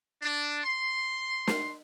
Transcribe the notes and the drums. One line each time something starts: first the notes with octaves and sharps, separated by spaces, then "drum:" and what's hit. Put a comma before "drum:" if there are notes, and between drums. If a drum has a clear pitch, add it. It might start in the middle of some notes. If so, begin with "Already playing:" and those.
D4
C6
drum: snare